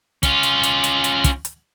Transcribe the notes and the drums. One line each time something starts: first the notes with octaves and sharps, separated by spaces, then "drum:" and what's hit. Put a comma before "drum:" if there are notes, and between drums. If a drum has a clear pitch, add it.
C#4 F4, drum: kick, hi-hat
drum: hi-hat
drum: hi-hat
drum: hi-hat
drum: hi-hat
drum: kick, hi-hat
drum: hi-hat